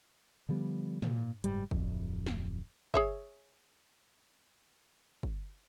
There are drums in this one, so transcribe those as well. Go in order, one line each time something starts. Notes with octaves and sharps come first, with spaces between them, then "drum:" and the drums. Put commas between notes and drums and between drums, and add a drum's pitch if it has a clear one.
D3 F3 G3 B3
A#2, drum: tom
F#1 G#2 G3, drum: hi-hat
D1 F2, drum: kick
drum: snare
G#4 C#5 E5, drum: kick
drum: kick